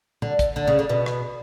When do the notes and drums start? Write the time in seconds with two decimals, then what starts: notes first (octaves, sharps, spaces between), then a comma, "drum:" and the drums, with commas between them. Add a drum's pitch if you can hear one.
0.22 D3, drum: tom
0.39 drum: kick, hi-hat
0.56 D3
0.67 C#3
0.79 D3
0.89 B2
1.06 drum: rim click